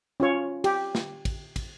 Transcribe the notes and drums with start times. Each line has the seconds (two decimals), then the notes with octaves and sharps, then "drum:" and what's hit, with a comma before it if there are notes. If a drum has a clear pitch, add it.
0.20 C#4 F4 C#5
0.64 G4, drum: cymbal
0.95 drum: snare
1.25 drum: kick, cymbal
1.56 drum: kick, cymbal